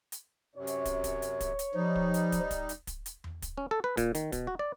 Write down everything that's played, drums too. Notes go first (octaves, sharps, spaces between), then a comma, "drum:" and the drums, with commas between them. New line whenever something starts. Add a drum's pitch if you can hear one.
drum: hi-hat
F#2 C3 C#5
drum: hi-hat
drum: kick, hi-hat
drum: kick, hi-hat
drum: hi-hat
drum: kick, hi-hat
drum: hi-hat
F3 G3 D#4
drum: kick
drum: hi-hat
drum: kick, hi-hat
drum: kick, hi-hat
drum: hi-hat
drum: kick, hi-hat
drum: hi-hat
drum: tom E2
drum: kick, hi-hat
C#4
A4
B4
A#2, drum: kick, hi-hat
D#3, drum: hi-hat
B2, drum: kick, hi-hat
F#4
D5